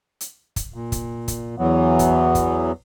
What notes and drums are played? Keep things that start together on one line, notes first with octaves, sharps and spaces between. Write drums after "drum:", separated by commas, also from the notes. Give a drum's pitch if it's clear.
drum: hi-hat
drum: kick, hi-hat
A#2
drum: kick, hi-hat
drum: kick, hi-hat
E2 E3 F#3 B3
drum: kick, hi-hat
drum: kick, hi-hat